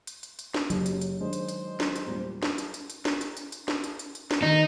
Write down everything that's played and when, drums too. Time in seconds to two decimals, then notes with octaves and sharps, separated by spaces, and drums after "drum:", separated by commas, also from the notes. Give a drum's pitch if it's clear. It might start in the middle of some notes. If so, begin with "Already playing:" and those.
0.07 drum: hi-hat
0.23 drum: hi-hat
0.39 drum: hi-hat
0.54 drum: snare
0.70 F#1 F#3 G4, drum: hi-hat
0.86 drum: hi-hat
1.01 drum: hi-hat
1.20 D#3 G#3 D4 C5
1.33 drum: hi-hat
1.48 drum: hi-hat
1.80 drum: snare
1.96 drum: hi-hat
2.06 E2 A#2 G3
2.43 drum: snare
2.58 drum: hi-hat
2.74 drum: hi-hat
2.90 drum: hi-hat
3.05 drum: snare
3.21 drum: hi-hat
3.37 drum: hi-hat
3.52 drum: hi-hat
3.68 drum: snare
3.84 drum: hi-hat
3.99 drum: hi-hat
4.15 drum: hi-hat
4.31 drum: snare
4.42 D#3 D#4